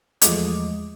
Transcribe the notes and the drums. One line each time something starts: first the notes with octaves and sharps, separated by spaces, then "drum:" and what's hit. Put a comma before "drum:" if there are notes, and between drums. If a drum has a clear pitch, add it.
E2 F3 G#3 A3 D#5 D6, drum: hi-hat